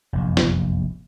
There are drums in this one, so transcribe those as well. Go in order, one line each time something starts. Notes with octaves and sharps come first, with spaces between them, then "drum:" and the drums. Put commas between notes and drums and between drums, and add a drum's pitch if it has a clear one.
F1 A#1 F#2
drum: snare